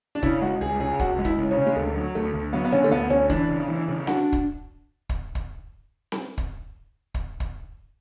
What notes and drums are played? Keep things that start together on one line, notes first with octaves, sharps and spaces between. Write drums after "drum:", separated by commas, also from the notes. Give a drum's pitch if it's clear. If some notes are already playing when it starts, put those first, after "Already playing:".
D4
C#3 E4, drum: kick
G#3 F#4
C#2 G#4
C#3 G#4
C#2 F#4, drum: kick
G#3
E4, drum: kick
C#3
C#4
C#3
G#3
D2 A3
F#3
D2 A3
D2
F#3 B3
B3
D3 C#4
A3
D2 B3
D2 C#4
E3 D4, drum: kick
C#3
E3
C#3
D4 F#4, drum: snare C4
drum: kick
drum: kick
drum: kick
drum: snare C4
drum: kick
drum: kick
drum: kick